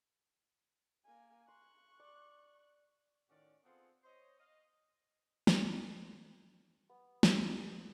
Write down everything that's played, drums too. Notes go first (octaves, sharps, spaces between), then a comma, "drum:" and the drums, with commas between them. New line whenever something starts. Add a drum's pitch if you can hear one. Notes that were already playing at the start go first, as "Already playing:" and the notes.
A#3 G#5
C6 C#6 F#6
D5 D6
A2 D#3 C#4 F#4 D5
B3 C4 F4 G#4 A4 F#5
C5 C#5 D#5
D#5 F5
drum: snare
B3
drum: snare
G4